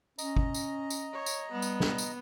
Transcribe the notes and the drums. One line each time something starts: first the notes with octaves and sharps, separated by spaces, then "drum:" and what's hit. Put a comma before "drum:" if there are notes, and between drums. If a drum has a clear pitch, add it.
C#4 D#5 A#5, drum: tambourine
drum: kick
drum: tambourine
drum: tambourine
C#5
drum: tambourine
G3 B3
drum: tambourine
drum: snare
drum: tambourine